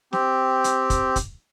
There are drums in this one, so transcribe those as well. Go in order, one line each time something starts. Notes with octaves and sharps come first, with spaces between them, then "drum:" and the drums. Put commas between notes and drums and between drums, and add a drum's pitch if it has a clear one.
C4 G4, drum: snare
drum: hi-hat
drum: kick, hi-hat
drum: kick, hi-hat